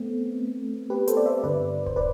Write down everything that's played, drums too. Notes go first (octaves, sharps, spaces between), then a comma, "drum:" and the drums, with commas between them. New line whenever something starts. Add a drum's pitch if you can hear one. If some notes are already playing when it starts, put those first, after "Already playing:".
Already playing: A3 B3 C4
G4 B4
A4 C5, drum: hi-hat
D5
C5 E5
G2 D3 B4 D5
C5, drum: kick D#1
B4 D5